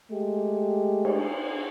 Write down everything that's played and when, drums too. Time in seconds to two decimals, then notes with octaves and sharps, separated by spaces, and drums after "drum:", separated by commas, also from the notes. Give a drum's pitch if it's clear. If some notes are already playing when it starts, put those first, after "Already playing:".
0.12 G#3 A3 G4
1.05 drum: cymbal